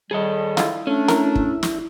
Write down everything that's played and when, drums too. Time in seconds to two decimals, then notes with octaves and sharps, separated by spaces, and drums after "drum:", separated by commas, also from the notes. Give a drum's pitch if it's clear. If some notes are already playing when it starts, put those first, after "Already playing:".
0.11 A2 D#3 G3 G#4 A4 D#5
0.57 E4 F4, drum: snare
0.87 A3 C#4 D4
1.08 E4 A#4, drum: snare
1.35 drum: kick
1.63 drum: snare